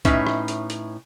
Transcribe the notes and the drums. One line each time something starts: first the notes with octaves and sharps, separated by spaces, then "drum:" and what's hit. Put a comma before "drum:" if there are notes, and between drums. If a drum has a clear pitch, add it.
A2 C#4 D#4 B4 E5, drum: kick B1, hi-hat
drum: rim click
drum: hi-hat
drum: hi-hat